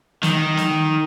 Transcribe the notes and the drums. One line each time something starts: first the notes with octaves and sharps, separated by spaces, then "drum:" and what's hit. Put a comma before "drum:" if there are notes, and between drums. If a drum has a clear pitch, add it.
D#3, drum: snare
drum: snare